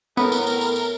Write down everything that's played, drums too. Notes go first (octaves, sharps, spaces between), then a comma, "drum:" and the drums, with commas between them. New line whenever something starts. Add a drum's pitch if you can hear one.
A2 B3 A#4, drum: tambourine
drum: tambourine
drum: tambourine
drum: tambourine
drum: tambourine